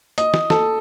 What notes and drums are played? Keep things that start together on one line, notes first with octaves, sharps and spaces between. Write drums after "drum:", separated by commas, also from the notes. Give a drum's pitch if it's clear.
D#5, drum: hi-hat
drum: snare
A4, drum: snare